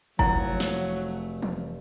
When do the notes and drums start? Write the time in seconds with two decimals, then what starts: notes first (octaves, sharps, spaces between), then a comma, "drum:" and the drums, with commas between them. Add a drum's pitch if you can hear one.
0.19 F1 F#3 A3 E4, drum: kick
0.60 drum: snare
1.42 drum: tom E3